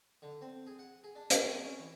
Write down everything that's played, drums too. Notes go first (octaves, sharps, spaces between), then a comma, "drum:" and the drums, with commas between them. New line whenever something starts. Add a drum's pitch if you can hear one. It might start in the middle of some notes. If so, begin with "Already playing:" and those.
D3
C4
G#4
F#5
G#4
D4
C#4, drum: hi-hat
C4
C#4
E3